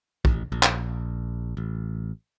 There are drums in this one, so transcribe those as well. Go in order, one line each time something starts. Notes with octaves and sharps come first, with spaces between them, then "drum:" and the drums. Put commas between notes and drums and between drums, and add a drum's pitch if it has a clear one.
A1, drum: kick
A#1
drum: clap
A1